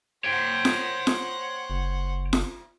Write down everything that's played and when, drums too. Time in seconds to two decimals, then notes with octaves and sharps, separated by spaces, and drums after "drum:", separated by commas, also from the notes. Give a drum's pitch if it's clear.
0.24 C5 C#5 F#5 G5
0.65 drum: snare
1.07 drum: snare
1.70 F#1
2.33 drum: snare